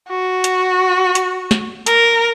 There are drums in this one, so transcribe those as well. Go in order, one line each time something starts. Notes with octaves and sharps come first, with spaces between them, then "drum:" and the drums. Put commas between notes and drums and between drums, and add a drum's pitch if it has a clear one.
F#4
drum: hi-hat
drum: hi-hat
drum: snare
A#4, drum: hi-hat